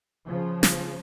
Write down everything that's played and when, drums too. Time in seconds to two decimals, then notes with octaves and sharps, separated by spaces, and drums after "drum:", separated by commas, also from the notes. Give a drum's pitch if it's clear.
0.27 C#3 F3
0.63 drum: snare